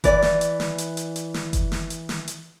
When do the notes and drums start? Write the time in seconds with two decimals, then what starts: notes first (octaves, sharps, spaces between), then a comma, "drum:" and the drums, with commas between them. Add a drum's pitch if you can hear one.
0.04 E3 D5, drum: kick F#1, hi-hat
0.22 drum: snare
0.41 drum: hi-hat
0.60 drum: snare
0.78 drum: hi-hat
0.97 drum: hi-hat
1.16 drum: hi-hat
1.34 drum: snare
1.53 drum: kick F#1, hi-hat
1.72 drum: snare
1.90 drum: hi-hat
2.09 drum: snare
2.28 drum: hi-hat